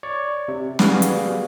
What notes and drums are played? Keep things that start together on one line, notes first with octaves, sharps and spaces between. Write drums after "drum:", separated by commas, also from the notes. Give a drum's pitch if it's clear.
C#5 D5 C#6
C3
G3 B3 F#4 G#4 B4 F5, drum: snare
drum: hi-hat